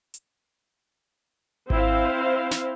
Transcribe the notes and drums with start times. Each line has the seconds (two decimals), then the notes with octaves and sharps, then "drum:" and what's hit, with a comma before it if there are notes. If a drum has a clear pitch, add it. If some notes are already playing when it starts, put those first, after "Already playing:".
0.14 drum: hi-hat
1.70 C4 E4 C5 F5, drum: kick G#1
2.51 drum: snare